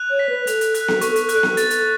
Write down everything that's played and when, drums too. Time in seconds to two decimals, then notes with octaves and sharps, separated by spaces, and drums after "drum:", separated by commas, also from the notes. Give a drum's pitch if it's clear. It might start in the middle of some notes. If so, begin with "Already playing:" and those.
Already playing: F#6 F7
0.11 C#5
0.19 B6
0.29 B4
0.47 A4 F7, drum: hi-hat
0.61 drum: hi-hat
0.74 F#6, drum: hi-hat
0.88 drum: snare B3
1.01 C#6, drum: hi-hat
1.16 drum: hi-hat
1.29 F#6, drum: hi-hat
1.43 drum: snare B3
1.57 A6, drum: hi-hat
1.70 drum: hi-hat